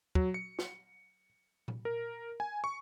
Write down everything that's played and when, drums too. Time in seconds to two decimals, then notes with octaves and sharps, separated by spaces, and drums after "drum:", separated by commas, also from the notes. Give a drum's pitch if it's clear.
0.15 F#3, drum: kick
0.34 C#7
0.59 drum: snare
1.68 drum: tom A#2
1.85 A#4
2.40 G#5
2.64 C#6